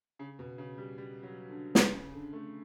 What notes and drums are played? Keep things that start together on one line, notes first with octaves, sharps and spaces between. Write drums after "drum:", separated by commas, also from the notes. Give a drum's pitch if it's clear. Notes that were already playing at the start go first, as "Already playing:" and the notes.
C#3
B2
C#3
G3
G3
F#3
D3
C#3, drum: snare
C#3
D3
A3